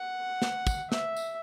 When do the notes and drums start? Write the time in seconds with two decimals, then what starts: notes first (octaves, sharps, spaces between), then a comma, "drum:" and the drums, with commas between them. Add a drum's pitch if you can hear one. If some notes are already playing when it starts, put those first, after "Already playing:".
Already playing: F#5
0.42 drum: snare
0.67 drum: kick, tambourine
0.92 E5, drum: snare
1.16 drum: tambourine